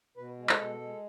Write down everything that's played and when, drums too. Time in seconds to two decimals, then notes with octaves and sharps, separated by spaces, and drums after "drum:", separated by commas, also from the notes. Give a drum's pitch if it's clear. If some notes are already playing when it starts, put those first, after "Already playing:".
0.17 B2 B4
0.39 G#3
0.49 A4, drum: clap
0.60 B2
0.81 G#3